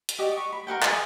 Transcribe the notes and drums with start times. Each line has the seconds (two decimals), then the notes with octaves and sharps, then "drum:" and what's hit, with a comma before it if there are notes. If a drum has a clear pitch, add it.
0.09 drum: hi-hat
0.19 F#4 G4 D5 D#5
0.37 C#6
0.53 B5
0.67 A#4 B4 F#5 G5
0.83 G#4 D#6, drum: clap